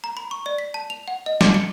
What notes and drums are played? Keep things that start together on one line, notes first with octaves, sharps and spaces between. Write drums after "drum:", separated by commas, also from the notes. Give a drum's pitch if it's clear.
A#5
B5
C#6
D5
B6
A5
F7
F#5
D#5
D6, drum: snare
C#7